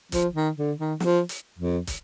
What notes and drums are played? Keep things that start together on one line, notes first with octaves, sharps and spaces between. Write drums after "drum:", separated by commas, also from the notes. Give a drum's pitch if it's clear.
F3, drum: kick, hi-hat
D#3
D3
D#3
F3, drum: snare
drum: hi-hat
F2
drum: kick, hi-hat